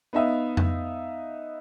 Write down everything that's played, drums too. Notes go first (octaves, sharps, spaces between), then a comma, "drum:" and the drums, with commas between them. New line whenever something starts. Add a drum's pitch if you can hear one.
B3 D#4 E5 F5
drum: tom F2